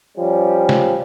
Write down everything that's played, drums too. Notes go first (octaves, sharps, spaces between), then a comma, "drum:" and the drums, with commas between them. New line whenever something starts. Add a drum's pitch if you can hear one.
F3 G3 C#4
drum: snare